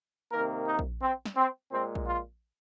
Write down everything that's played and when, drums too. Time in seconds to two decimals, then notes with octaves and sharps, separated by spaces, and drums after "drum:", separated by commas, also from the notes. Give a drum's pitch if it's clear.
0.32 C3 D#3 A#3 A#4
0.67 D#4
0.79 drum: kick A#1
1.02 C4
1.25 drum: snare
1.37 C4
1.72 A#2 G#3 C4
1.95 drum: kick A#1
2.07 F4